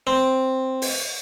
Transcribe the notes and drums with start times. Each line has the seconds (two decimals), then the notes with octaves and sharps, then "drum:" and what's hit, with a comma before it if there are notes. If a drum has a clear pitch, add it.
0.07 C4
0.82 drum: open hi-hat